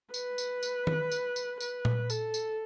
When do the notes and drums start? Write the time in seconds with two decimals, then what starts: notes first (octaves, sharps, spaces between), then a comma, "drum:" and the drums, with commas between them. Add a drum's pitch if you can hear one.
0.14 B4, drum: tambourine
0.38 drum: tambourine
0.63 drum: tambourine
0.87 drum: tom D#3
1.12 drum: tambourine
1.36 drum: tambourine
1.61 B4, drum: tambourine
1.85 drum: tom A#2
2.10 A4, drum: tambourine
2.34 drum: tambourine